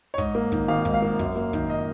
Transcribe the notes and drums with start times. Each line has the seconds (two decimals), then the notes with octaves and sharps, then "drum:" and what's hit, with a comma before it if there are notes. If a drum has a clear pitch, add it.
0.14 C#5
0.18 G#2 D#5, drum: kick, hi-hat
0.35 A#3
0.52 D#3, drum: kick, hi-hat
0.68 G#1 F5
0.85 G#2, drum: kick, hi-hat
0.94 F5
1.02 A#3
1.19 F#2, drum: kick, hi-hat
1.36 A#3
1.53 D#3, drum: kick, hi-hat
1.70 D#5